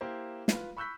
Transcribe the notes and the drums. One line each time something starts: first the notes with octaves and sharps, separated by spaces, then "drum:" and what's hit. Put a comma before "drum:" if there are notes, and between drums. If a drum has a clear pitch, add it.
A#3 E4 G4 C5
F4 B4, drum: snare
B5 C#6 E6 F#6 G6 B6